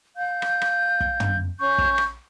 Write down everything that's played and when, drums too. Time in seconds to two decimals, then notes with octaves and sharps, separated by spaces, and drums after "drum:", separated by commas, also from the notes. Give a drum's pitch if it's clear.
0.17 F5 G6
0.42 drum: rim click
0.62 drum: rim click
1.00 drum: kick
1.20 drum: tom
1.59 C#4 C#6 G6
1.78 drum: kick
1.98 drum: rim click